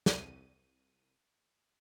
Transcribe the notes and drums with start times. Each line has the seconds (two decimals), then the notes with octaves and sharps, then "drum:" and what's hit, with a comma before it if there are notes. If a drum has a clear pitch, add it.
0.06 C2 D#7, drum: snare